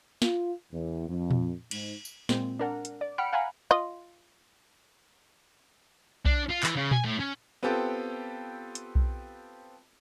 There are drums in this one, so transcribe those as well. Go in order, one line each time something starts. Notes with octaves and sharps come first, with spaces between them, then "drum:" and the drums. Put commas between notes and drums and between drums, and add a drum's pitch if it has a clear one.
F4, drum: snare
E2
F2
drum: tom A#2
G#2, drum: cymbal
drum: tambourine
A#2 G#3 C4, drum: snare
D4 A#4 F#5
drum: hi-hat
D5
F#5 G5 B5 F6 C#7 D7
F5 F#5 G#5 A#5 B5
F4 D#5
D4, drum: kick B1
F4
E3, drum: clap
C#3
G#5, drum: tom A#2
A2
C#4
B3 C4 F4 G4 A4
drum: hi-hat
drum: kick B1